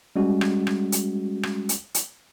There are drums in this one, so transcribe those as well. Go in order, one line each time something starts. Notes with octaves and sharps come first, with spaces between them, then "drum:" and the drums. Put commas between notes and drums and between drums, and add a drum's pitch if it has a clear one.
G3 G#3 C#4 F#4
drum: rim click
drum: rim click
drum: hi-hat
drum: rim click
drum: hi-hat
drum: hi-hat